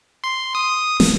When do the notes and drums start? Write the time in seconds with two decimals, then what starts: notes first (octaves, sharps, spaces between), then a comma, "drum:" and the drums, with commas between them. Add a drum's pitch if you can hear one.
0.24 C6
0.55 D#6
1.00 drum: snare